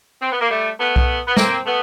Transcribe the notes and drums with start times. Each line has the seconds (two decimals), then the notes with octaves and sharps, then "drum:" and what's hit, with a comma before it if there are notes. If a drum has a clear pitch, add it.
0.22 C4
0.32 B3
0.41 A#3
0.50 G3 A3
0.79 A3 B3
0.96 drum: kick B1
1.28 B3
1.37 A#3 C4, drum: snare
1.66 A3 B3